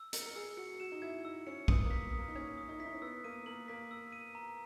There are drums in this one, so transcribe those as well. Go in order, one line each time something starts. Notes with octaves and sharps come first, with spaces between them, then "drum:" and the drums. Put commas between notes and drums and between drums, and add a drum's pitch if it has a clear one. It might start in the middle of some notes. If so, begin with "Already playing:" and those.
Already playing: E6
A#4 C#7, drum: hi-hat
A#4
G#4 E6
F#4 C#7
F#4 E7
D#4
E4 G#6
D#4 E6
C#4 C#7
B3 D#6, drum: kick A#1
A#3
B6
D#6
A#3
D#4
C#4 G#6
D#6
D#4
E4 B6
D#4
C#4
B3 E6
A#3 D#7
A#3 F#7
A#3 B6
E6
D#7
A#5